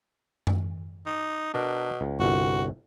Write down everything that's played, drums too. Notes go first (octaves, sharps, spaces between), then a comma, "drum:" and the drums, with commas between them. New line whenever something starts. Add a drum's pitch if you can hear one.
drum: tom F#2
D#4
B2 D4 A#4 A#5
C#2
G1 C2 F#4